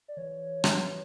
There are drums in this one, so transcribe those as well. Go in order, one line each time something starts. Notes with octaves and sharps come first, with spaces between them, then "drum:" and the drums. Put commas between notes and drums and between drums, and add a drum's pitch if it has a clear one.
D5
E3 C#5
drum: rim click